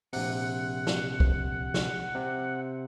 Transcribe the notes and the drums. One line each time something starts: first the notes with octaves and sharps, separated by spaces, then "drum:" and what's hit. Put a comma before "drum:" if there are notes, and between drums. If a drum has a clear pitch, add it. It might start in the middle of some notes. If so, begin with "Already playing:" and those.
A#1 C3 F#5, drum: open hi-hat
drum: snare
drum: kick B1
drum: snare
C3